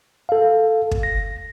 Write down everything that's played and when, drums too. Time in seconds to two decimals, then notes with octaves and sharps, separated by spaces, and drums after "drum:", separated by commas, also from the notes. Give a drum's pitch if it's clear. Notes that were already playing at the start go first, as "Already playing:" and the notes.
0.29 A4 F5
0.91 drum: kick
1.03 A#6